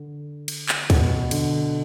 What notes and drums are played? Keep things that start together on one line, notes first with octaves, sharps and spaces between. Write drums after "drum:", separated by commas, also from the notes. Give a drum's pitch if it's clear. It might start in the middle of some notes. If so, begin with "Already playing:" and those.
Already playing: D3
drum: cymbal
drum: clap
B2, drum: kick, cymbal
D3, drum: cymbal